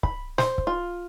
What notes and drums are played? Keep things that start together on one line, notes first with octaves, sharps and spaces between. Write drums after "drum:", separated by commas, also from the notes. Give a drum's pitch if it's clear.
B5, drum: kick C#1
C5, drum: snare
drum: kick C#1
F4